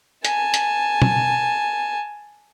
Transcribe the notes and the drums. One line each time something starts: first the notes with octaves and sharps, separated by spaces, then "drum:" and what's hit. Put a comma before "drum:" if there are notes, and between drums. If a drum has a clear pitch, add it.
G#5 A5, drum: hi-hat
drum: hi-hat
drum: tom